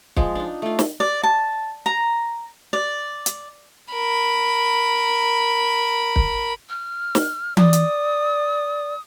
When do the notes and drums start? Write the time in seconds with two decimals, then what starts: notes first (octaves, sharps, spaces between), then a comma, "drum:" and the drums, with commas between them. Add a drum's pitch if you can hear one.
0.17 F3 G#3, drum: kick
0.35 D4 D#4
0.62 A3 F4
0.79 drum: snare
1.00 D5
1.23 A5
1.86 A#5
2.73 D5
3.26 drum: hi-hat
3.93 A#4 B5
6.16 drum: kick
6.69 F6
7.15 drum: snare
7.57 D5 D#6, drum: tom E3
7.73 drum: hi-hat